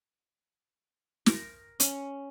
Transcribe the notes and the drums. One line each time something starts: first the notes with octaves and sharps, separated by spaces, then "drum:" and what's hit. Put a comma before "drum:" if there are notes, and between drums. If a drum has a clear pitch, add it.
A#4, drum: snare
C#4, drum: hi-hat